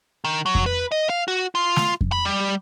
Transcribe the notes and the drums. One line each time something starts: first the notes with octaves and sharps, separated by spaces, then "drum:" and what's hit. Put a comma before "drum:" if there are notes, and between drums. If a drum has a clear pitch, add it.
D#3
F#3
drum: kick F2
B4
D#5
F5
F#4
F4
drum: snare
drum: kick F2
B5
G3